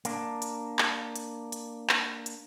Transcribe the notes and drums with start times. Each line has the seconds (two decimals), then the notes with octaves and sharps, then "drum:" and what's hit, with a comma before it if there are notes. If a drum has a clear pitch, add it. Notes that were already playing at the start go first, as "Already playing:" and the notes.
0.05 A#3 D4, drum: hi-hat
0.42 drum: hi-hat
0.79 drum: clap
1.16 drum: hi-hat
1.52 drum: hi-hat
1.89 drum: clap
2.26 drum: hi-hat